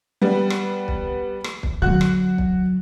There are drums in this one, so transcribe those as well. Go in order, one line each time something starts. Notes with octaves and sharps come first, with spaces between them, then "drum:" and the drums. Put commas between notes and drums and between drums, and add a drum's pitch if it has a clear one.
G3 B3
drum: rim click
drum: kick
drum: rim click
drum: kick
D3 F#3 F#4 F#6
drum: rim click
drum: kick